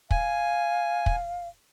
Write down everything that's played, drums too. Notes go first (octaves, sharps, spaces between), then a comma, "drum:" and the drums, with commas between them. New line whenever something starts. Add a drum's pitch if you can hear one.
F5 G#5, drum: kick
drum: kick